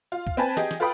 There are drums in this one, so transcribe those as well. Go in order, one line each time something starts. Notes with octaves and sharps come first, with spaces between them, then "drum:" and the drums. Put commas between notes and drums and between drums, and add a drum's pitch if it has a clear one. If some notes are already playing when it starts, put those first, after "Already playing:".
F4
drum: kick
C4 B4 G#5 A5
G4 G#4 D#5, drum: snare
drum: snare
F4 A4 B4 G5 B5 D#6